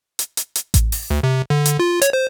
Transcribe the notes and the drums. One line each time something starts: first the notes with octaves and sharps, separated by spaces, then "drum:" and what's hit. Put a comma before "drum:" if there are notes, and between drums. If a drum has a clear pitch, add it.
drum: hi-hat
drum: hi-hat
drum: hi-hat
drum: kick A1, hi-hat
drum: open hi-hat
D2
C3
D3
drum: hi-hat
F4
C#5, drum: hi-hat
C5